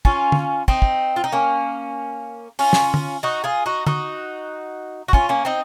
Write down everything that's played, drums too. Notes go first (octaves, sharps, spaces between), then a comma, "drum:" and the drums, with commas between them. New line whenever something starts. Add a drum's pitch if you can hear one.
C#4 F4, drum: kick
drum: tom
C4 D#4, drum: kick
drum: kick
F4
D#4
A#3 C#4
C#4 F4, drum: open hi-hat
drum: snare
drum: tom
D#4 F#4
F4 G#4
D#4 F#4
D#4 F#4, drum: tom
F#4
C#4 F4, drum: kick
A#3 C#4
C4 D#4